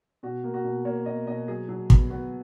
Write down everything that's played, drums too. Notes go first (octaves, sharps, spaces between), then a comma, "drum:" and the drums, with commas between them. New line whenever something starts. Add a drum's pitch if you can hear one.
B2 F#4
A#3
F#4
B2
A#3 C#5
B2 D#5
B2 D#5
F#3 G#4
F#3
B3, drum: kick
B3 F#4